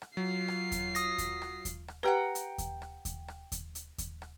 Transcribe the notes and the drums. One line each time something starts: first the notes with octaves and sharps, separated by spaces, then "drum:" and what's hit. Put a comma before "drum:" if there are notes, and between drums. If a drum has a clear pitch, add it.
drum: rim click
F#3 F4 C7
drum: rim click
drum: kick D#2, hi-hat
D#6 A#6, drum: hi-hat
drum: kick D#2, hi-hat
drum: rim click
drum: kick D#2, hi-hat
drum: rim click
G4 B4 F#5 G5 A#5
drum: hi-hat
drum: kick D#2, hi-hat
drum: rim click
drum: kick D#2, hi-hat
drum: rim click
drum: kick D#2, hi-hat
drum: hi-hat
drum: kick D#2, hi-hat
drum: rim click